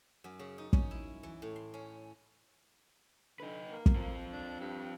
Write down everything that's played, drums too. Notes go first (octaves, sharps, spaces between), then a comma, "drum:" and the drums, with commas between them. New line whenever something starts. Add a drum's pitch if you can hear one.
F#2
C#3
D#4
C#4, drum: kick
E4
E3
A2
C6
C#4
D3 D#4 B4
A#3
drum: kick
C4 F4
D4
G2